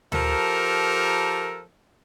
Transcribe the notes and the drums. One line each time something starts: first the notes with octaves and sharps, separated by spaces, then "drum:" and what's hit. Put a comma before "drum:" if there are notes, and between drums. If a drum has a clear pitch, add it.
F3 G4 A4 A#4, drum: tom D2